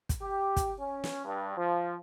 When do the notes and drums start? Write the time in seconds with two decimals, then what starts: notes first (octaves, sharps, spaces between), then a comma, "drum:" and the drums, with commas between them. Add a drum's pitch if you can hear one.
0.09 drum: kick, hi-hat
0.22 G4
0.56 drum: kick, hi-hat
0.80 C#4
1.04 drum: snare
1.25 G2
1.58 F3